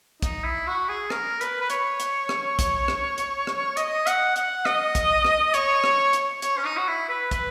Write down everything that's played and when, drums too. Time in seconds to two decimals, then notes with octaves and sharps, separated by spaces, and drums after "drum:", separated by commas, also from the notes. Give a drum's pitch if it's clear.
0.22 D#4, drum: kick, hi-hat
0.44 E4
0.67 F#4
0.89 G#4
1.10 A#4, drum: rim click
1.41 B4, drum: hi-hat
1.61 B4
1.70 C#5, drum: hi-hat
2.00 drum: hi-hat
2.29 drum: rim click
2.59 drum: kick, hi-hat
2.88 drum: rim click
3.18 drum: hi-hat
3.47 drum: rim click
3.77 D#5, drum: hi-hat
4.07 F#5, drum: hi-hat
4.36 F#5, drum: hi-hat
4.65 D#5, drum: rim click
4.95 drum: kick, hi-hat
5.25 drum: rim click
5.54 C#5, drum: hi-hat
5.84 drum: rim click
6.13 drum: hi-hat
6.42 C#5, drum: hi-hat
6.57 C#4
6.64 D#4
6.77 F#4
6.87 E4
7.09 B4
7.31 B4, drum: kick, hi-hat